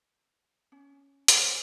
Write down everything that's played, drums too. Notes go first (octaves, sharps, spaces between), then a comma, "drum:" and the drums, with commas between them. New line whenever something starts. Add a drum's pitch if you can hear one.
C#4
G4 A#4 C5 C#5 G#5, drum: hi-hat